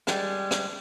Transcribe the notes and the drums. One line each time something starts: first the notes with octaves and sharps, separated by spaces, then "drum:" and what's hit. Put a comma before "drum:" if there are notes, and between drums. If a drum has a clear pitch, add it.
G3 G#3, drum: rim click
drum: rim click